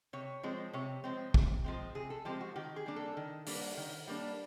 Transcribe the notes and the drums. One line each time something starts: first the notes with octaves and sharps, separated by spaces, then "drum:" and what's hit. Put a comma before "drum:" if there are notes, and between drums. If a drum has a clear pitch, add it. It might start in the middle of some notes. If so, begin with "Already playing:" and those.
C3 C#5
F3 G#3 C4
C3 C#5
F3 G#3 C4
C3, drum: kick
F3 G#3 C4
C3 G#4
A4
F3 G#3 C4 G4
F#4
D#3 G4
G#4
G3 A#3 D4
A4
D#3
G3 A#3 D4, drum: open hi-hat
D#3
G3 A#3 D4